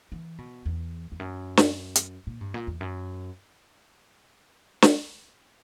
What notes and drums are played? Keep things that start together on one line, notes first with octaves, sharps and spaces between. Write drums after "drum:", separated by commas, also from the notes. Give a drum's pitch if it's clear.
E3
B2
E2
E2
F#2
drum: snare
drum: hi-hat
A#2
G2
A#2
E2
F#2
drum: snare